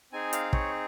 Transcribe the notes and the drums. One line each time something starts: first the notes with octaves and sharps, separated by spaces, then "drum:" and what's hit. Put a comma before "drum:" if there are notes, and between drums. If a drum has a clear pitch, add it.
C4 D#4 G#4 G#5
F5, drum: hi-hat
C#5, drum: kick